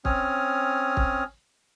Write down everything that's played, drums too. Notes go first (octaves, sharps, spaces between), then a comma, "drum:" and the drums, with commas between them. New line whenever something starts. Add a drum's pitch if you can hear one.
C4 C#4 C#5 D#6 F6, drum: kick
drum: kick